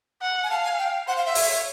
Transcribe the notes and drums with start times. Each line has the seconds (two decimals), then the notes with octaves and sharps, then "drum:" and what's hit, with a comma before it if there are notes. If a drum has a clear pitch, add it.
0.21 F#5
0.44 G#5
0.50 F5 A5
0.64 G#5
0.79 G5
1.08 C5 F#5
1.17 F5
1.26 E5
1.35 C#5, drum: open hi-hat